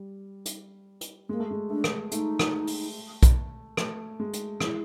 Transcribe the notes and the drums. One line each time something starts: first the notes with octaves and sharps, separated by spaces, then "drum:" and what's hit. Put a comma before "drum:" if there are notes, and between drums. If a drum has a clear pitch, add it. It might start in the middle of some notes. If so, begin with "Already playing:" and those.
Already playing: G3
drum: hi-hat
drum: hi-hat
G#3 A#3
A3
G#3
A3 D4
drum: rim click
A3 D#4, drum: hi-hat
drum: rim click
drum: open hi-hat
drum: kick B1, hi-hat
A3, drum: rim click
G#3
drum: hi-hat
G#3 E4, drum: rim click